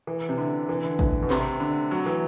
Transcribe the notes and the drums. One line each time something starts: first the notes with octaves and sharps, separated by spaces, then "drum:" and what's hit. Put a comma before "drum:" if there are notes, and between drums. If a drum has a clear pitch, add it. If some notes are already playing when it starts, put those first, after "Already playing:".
E3
C3
D3
E3
D3
drum: kick G#1
B2
C3, drum: clap
D3
F#3
E3